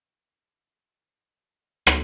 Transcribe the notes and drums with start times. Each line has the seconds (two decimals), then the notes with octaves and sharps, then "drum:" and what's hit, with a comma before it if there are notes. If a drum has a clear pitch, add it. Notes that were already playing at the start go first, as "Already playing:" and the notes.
1.08 D#3 G3 A3
1.48 C#5 F5
1.87 drum: rim click